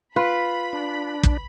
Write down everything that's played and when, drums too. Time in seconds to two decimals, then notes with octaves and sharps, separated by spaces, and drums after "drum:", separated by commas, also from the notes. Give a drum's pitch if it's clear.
0.16 F4 B4 B5
0.73 D4
1.23 drum: kick